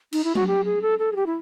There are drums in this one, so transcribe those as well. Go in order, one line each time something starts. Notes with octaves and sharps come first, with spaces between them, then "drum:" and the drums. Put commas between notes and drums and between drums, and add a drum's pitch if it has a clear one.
D#4, drum: cymbal
E4
F#4, drum: tom F#3
G4
G#4
A4
A4
G#4
G4
E4